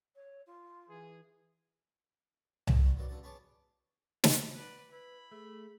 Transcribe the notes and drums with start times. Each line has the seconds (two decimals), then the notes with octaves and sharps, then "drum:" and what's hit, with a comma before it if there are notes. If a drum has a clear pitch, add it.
0.16 C#5
0.47 F4
0.89 E3 G#4
2.67 C3 D5, drum: tom C2
2.83 G3 F#4
2.96 D#3 E3 F#3 A#3 F#4 D5
3.08 C#2 E3 D4 F#4 D5
3.23 B3 G#4 C#5 A5 D6
4.24 drum: snare
4.54 B4 D5 F#5
4.91 E4 B4 B5
5.31 A3 G#4 E5